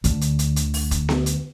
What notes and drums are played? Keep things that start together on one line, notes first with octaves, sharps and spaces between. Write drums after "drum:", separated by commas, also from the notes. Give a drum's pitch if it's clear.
D2 D3, drum: hi-hat
drum: hi-hat
drum: hi-hat
drum: hi-hat
drum: open hi-hat
drum: kick, hi-hat
drum: snare B3
drum: hi-hat